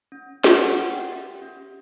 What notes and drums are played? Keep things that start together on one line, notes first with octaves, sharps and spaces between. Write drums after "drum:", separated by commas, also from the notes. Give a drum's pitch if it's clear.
C#4
G4 F#5, drum: snare
F#5
C#4 F#5
G5
G4 E5
C#4